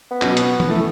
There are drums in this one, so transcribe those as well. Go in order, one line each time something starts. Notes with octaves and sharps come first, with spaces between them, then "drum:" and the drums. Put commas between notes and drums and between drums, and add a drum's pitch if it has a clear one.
B3
B2 F#3 C#4, drum: clap
drum: hi-hat
drum: tom E3
E3 A3